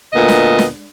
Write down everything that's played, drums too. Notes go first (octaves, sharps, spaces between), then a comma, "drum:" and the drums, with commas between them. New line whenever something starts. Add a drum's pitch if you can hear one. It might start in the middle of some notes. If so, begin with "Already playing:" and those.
D2 A#2 B3 D#5
drum: snare
drum: snare